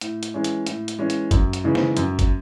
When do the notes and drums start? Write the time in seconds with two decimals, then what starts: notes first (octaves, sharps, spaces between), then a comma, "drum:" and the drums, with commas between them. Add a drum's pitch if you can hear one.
0.01 A2, drum: hi-hat
0.23 drum: hi-hat
0.34 E3 G#3 C#4
0.44 drum: hi-hat
0.67 A2, drum: hi-hat
0.88 drum: hi-hat
0.99 E3 G#3 C#4
1.10 drum: hi-hat
1.31 F#2, drum: kick, hi-hat
1.53 drum: hi-hat
1.64 C#3 E3 G#3 D#4
1.75 drum: snare
1.97 F#2, drum: hi-hat
2.19 drum: kick, hi-hat